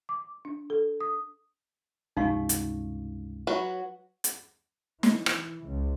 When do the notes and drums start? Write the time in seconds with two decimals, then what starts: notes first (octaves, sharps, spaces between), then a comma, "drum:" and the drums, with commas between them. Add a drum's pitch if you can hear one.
0.09 D6
0.45 D4
0.70 A4
1.01 D#6
2.17 C#2 G2 C3 D#4 F5 C#6
2.49 drum: hi-hat
3.47 F#3 F#4 B4
4.24 drum: hi-hat
5.03 E3, drum: snare
5.26 drum: rim click
5.65 C#2